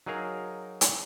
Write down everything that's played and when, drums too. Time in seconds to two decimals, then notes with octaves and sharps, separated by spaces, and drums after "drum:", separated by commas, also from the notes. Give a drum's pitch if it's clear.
0.06 F#3 D#4 G#4 A#4 F5
0.81 drum: hi-hat